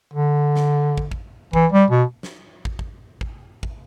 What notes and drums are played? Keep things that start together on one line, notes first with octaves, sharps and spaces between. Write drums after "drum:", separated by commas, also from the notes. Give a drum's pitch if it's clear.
D3
drum: snare
drum: kick
drum: kick
E3, drum: kick
G3
B2
drum: snare
drum: kick
drum: kick
drum: kick
drum: kick